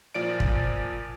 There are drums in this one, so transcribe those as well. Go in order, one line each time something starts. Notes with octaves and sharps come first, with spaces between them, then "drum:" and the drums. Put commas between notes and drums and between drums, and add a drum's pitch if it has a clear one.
A#2 F3 D5 D7
drum: kick